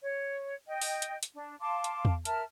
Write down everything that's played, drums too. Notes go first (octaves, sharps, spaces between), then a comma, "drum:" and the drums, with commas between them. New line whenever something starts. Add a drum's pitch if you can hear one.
C#5
D#5 G5
drum: open hi-hat
drum: hi-hat
drum: hi-hat
D4
F5 A5 C6 D6
drum: hi-hat
drum: tom E2
A#4 E5 A5 F6, drum: hi-hat